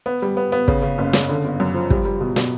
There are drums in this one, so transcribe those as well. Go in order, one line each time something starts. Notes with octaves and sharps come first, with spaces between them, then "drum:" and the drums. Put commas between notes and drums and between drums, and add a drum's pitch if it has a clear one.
B3
G3
B3
B3
C#3, drum: kick
C#3
F#1
C#3, drum: snare
D3
G1
F#2
F3
G3, drum: kick
G3
B2
B2, drum: snare